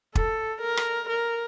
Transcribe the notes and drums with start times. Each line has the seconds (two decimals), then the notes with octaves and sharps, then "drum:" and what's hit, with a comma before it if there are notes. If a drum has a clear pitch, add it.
0.15 A4, drum: kick
0.61 A#4
0.77 drum: rim click
1.09 A#4